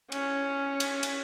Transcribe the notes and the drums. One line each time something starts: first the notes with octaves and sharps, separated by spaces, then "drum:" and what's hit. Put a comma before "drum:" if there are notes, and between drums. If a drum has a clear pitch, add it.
C#4, drum: cymbal
drum: cymbal
drum: cymbal